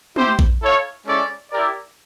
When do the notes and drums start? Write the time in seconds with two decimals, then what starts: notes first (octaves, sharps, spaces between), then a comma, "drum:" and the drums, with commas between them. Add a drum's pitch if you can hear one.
0.16 E4 G4 C5, drum: tom
0.39 drum: kick A1
0.61 E4 A4 C#5 F5
1.06 G#3 C#4 E4 A4 D5
1.51 E4 G4 A#4 D5